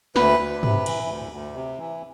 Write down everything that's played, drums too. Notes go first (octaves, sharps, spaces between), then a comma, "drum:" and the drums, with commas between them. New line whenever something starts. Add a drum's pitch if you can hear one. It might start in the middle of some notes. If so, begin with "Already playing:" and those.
D2 B4, drum: snare
D2
C3, drum: tom G2
E3, drum: cymbal
D2
D2
C3
E3